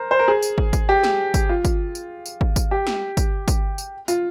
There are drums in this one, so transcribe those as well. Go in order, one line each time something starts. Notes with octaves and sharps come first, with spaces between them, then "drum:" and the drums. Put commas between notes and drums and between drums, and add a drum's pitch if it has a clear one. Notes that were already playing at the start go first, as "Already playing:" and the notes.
Already playing: A#4 C5
C5
A#4
G#4
drum: tambourine
drum: kick
drum: kick, tambourine
G4
drum: snare
drum: kick, tambourine
F4
drum: kick, tambourine
drum: tambourine
drum: tambourine
drum: kick
drum: kick, tambourine
G4
drum: snare
drum: kick, tambourine
drum: kick, tambourine
drum: tambourine
F4, drum: tambourine